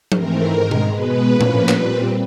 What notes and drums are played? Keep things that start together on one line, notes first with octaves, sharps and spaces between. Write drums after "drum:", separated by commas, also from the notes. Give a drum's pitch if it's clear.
G#2 E3 A3 C4 A#4, drum: tom F3
G#2 D#3 G#3
drum: tom B2
B2 G#3 B3 B4
A2 F3 A#3 C#4
drum: tom A#2
A#2 G3 C4, drum: clap